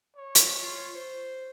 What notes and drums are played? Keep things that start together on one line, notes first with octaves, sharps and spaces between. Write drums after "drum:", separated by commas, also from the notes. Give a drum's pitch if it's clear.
C#5
drum: hi-hat
F4
C5